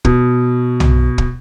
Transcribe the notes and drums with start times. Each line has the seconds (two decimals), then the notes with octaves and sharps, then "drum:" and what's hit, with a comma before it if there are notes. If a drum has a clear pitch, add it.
0.05 B2, drum: kick
0.80 drum: tom
1.18 drum: kick